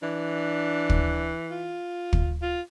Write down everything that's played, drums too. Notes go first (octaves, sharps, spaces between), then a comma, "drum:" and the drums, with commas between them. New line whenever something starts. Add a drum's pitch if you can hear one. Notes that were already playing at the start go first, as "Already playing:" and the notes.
E3 D4
drum: kick
F4
drum: kick
F4